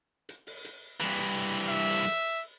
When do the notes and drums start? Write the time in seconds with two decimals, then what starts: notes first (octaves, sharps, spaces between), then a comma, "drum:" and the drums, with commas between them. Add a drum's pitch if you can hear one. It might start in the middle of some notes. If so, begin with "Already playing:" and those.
0.29 drum: hi-hat
0.47 drum: open hi-hat
0.65 drum: hi-hat
1.00 G2 E3, drum: hi-hat
1.18 drum: hi-hat
1.36 drum: hi-hat
1.68 E5
1.90 drum: open hi-hat
2.08 drum: hi-hat